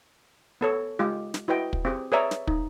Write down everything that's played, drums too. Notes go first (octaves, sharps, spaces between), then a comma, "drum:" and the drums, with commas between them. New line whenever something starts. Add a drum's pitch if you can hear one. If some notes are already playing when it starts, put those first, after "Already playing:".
B3 A4 C#5
G#3 F4 G4
drum: snare
E4 F#4 B4 D#5 G5
drum: kick
C4 G4 G#4
G#4 B4 C#5 D5 E5 A#5
drum: snare
D#4, drum: kick